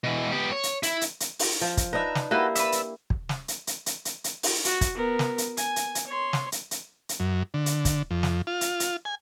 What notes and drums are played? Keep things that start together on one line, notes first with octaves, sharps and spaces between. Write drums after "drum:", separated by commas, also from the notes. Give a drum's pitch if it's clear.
B2 E3
B3 G4
C#5
drum: hi-hat
E4, drum: hi-hat
drum: hi-hat
drum: hi-hat
drum: open hi-hat
F3
drum: kick, hi-hat
D4 D#4 B4 E5 A#5
drum: snare
A#3 E4 F#4 G4 A4 B4
B4 D5 E5, drum: hi-hat
drum: hi-hat
drum: kick
drum: snare
drum: hi-hat
drum: hi-hat
drum: hi-hat
drum: hi-hat
drum: hi-hat
drum: open hi-hat
F#4, drum: hi-hat
drum: kick, hi-hat
B3 A#4
drum: snare
drum: hi-hat
G#5, drum: hi-hat
drum: hi-hat
drum: hi-hat
C#5 C6
drum: snare
drum: hi-hat
drum: hi-hat
drum: hi-hat
F#2
D3
drum: hi-hat
drum: kick, hi-hat
F2
drum: snare
F4
drum: hi-hat
drum: hi-hat
G#5